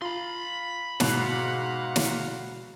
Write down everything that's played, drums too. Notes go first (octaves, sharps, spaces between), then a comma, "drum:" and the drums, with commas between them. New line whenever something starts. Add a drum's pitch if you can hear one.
F4 B5 C6
G#2 B2 F5 F#5 C7, drum: snare
drum: snare